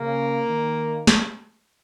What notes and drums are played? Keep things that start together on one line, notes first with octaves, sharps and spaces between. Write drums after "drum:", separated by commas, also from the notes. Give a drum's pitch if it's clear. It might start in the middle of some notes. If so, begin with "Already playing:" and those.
Already playing: C#3 A#3
D#3
drum: snare